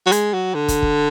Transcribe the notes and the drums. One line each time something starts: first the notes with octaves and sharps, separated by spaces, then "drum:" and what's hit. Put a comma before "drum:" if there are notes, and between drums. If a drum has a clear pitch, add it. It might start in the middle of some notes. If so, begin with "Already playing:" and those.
F#3
G#3, drum: hi-hat
F#3
D3
drum: kick, hi-hat
drum: kick